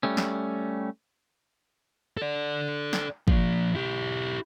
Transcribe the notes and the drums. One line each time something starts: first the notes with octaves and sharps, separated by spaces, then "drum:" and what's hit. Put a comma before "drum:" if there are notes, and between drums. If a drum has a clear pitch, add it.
G3 A3 C#4
drum: snare
A4 D5
drum: snare
F3 A#3, drum: kick
E4 G4